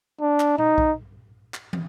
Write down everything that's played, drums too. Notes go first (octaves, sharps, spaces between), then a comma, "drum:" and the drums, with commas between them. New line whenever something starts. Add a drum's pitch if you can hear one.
D4
drum: clap
D#4, drum: tom A#2
drum: kick B1
drum: clap
drum: tom